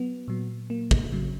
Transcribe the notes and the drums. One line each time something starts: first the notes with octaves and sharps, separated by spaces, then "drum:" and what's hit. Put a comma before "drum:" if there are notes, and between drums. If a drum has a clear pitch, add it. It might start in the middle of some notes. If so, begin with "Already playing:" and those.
Already playing: F#3 B3
A#2 F#3
A#3
drum: kick
C#3 F#3